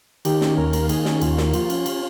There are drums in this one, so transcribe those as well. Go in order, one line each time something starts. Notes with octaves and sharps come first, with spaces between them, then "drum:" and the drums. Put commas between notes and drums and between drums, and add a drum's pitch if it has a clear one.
D#3 G4, drum: cymbal
C#4, drum: snare
D#2 A#4
A#3, drum: cymbal
D#3 G#4, drum: cymbal
C#4, drum: snare
D#2 F4, drum: cymbal
A#3, drum: snare
F3 F4, drum: cymbal
C#4, drum: cymbal
drum: cymbal